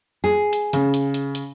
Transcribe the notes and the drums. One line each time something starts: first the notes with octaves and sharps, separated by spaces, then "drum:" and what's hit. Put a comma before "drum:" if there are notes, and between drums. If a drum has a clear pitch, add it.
G#4
drum: hi-hat
C#3, drum: hi-hat
drum: hi-hat
drum: hi-hat
drum: hi-hat